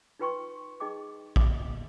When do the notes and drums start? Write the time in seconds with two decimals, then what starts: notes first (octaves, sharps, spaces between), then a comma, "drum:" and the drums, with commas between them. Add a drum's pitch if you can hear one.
0.19 D#4 F4 B4 G5 C6 C#6
0.80 D#4 G#4 D#5 G5 D6
1.36 F4 D#5 E5 D6 D#6, drum: kick A#1